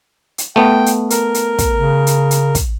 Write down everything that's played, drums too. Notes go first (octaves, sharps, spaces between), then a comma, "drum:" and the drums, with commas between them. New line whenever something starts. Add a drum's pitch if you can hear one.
drum: hi-hat
A3 B3 G5
drum: hi-hat
A#4, drum: hi-hat
drum: hi-hat
drum: kick, hi-hat
C#3
drum: hi-hat
drum: hi-hat
drum: kick, hi-hat